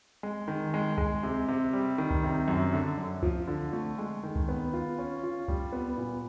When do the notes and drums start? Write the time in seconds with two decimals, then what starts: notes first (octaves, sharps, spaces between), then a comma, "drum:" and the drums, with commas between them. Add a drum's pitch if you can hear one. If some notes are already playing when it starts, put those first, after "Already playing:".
0.23 G#3
0.48 D#3
0.74 G#3
0.98 G#3, drum: kick C#2
1.23 C3
1.48 C3
1.73 G3
1.98 D#3
2.11 drum: kick C#2
2.23 C3
2.48 F#2
2.73 D3
2.98 F#2
3.23 F3, drum: kick C#2
3.47 D3
3.73 A3
3.98 G#3
4.23 D#3
4.36 drum: kick C#2
4.49 B3
4.73 F4
4.99 C#4
5.24 F4
5.48 G3, drum: kick C#2
5.72 B3
5.97 A#2